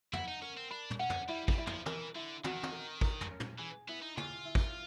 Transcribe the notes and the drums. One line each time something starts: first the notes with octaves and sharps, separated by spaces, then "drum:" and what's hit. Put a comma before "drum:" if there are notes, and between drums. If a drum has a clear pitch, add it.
E4 F#5, drum: tom
D#4
C#4 A#4
C4
D4 B5
drum: tom
C#4 F#5
drum: tom
G3 E4
G3, drum: kick
E4
F3, drum: tom
E3 A#4, drum: tom
D3 E4
D#3 F#4, drum: tom
drum: tom
A#4
A#4, drum: kick
drum: tom
C#4
drum: tom
E3 G#4
B3 E4
D#4
F4 G#4, drum: tom
E4
drum: kick